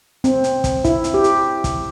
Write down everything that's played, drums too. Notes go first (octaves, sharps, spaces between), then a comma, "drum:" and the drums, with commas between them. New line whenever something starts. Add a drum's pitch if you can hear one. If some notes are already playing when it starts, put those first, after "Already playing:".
C4, drum: hi-hat
drum: hi-hat
drum: kick, hi-hat
E4, drum: kick, hi-hat
drum: hi-hat
G4
drum: hi-hat
drum: kick, hi-hat